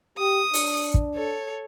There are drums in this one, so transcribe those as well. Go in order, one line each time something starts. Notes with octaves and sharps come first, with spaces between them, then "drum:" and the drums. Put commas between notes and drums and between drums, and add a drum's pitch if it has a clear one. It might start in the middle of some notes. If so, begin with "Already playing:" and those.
G4 D#6
D4, drum: open hi-hat
drum: kick
A4 C#5